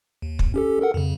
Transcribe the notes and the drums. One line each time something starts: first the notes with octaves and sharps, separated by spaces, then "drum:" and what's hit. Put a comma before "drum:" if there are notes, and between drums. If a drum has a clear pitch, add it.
D#2
drum: kick
C#4 G4 A4
A4 A#4 F#5
F2 C#3